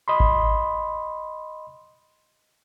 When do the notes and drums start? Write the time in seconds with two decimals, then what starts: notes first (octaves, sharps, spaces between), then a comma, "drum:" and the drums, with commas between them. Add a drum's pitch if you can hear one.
0.08 D#5 B5 C6
0.20 drum: kick G#1